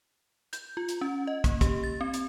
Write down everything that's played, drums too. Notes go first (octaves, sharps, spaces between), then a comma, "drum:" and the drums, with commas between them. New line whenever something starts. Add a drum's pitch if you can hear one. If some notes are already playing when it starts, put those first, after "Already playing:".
G6, drum: hi-hat
F4
drum: hi-hat
C#4
D#5
A#3, drum: kick, hi-hat
G4, drum: kick, hi-hat
A6
C4
drum: hi-hat